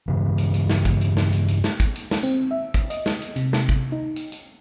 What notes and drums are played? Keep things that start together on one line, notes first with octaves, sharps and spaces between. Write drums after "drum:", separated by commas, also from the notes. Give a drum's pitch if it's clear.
G2 C#3 E3
drum: hi-hat
drum: hi-hat
drum: snare
drum: kick, hi-hat
drum: hi-hat
drum: snare
drum: hi-hat
drum: hi-hat
drum: snare
drum: kick, hi-hat
drum: hi-hat
drum: snare
C4
E5
drum: kick, hi-hat
D#5, drum: hi-hat
drum: snare
drum: hi-hat
C3, drum: hi-hat
drum: snare
drum: kick
D#4
drum: hi-hat
drum: hi-hat